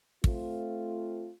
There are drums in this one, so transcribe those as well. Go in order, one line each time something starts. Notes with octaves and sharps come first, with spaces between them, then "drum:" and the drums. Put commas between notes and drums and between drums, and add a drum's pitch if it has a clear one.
A3 C4 F4, drum: kick